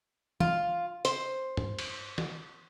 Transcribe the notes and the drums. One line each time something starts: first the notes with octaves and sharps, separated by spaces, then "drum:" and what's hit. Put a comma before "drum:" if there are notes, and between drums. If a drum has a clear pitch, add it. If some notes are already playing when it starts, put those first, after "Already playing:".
F4, drum: tom
C5, drum: hi-hat
drum: tom G2
drum: cymbal
drum: snare